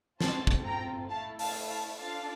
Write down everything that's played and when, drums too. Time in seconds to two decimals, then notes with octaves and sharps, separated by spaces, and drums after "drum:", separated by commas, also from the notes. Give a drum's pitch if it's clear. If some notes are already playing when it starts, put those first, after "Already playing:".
0.21 C4 F4 A4 A5 C6, drum: snare
0.47 drum: kick
0.65 G5 A#5
1.09 A3 E4 A4 F5 A5
1.39 F5 A5, drum: open hi-hat
1.68 F5 A5
1.98 D4 F4 A4 F5 A5